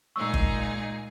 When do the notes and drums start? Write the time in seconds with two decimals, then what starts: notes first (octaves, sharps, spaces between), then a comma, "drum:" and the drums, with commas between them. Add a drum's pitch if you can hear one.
0.16 A#2 G#3 D#4 G#4 C#6 E6
0.34 drum: kick G1